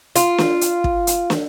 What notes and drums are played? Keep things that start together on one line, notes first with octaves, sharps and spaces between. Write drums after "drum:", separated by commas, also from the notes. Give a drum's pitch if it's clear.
F4, drum: hi-hat
drum: snare
drum: hi-hat
drum: kick
drum: hi-hat
drum: snare